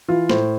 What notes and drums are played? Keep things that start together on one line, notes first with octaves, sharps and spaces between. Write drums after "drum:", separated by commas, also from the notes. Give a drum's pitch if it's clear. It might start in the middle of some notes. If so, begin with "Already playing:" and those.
E3 F4
A2 C5, drum: snare